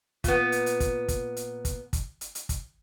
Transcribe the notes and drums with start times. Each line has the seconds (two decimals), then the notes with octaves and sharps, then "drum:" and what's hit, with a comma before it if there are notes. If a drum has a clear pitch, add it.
0.24 A#2 B3, drum: kick, hi-hat
0.52 drum: hi-hat
0.66 drum: hi-hat
0.80 drum: kick, hi-hat
1.08 drum: kick, hi-hat
1.37 drum: hi-hat
1.65 drum: kick, hi-hat
1.93 drum: kick, hi-hat
2.21 drum: hi-hat
2.35 drum: hi-hat
2.49 drum: kick, hi-hat